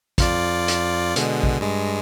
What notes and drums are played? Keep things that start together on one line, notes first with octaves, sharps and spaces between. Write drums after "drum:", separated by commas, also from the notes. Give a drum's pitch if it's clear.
F2 F4 D5, drum: kick, hi-hat
drum: hi-hat
B2 D3 G#3, drum: hi-hat
drum: kick
G2 G#3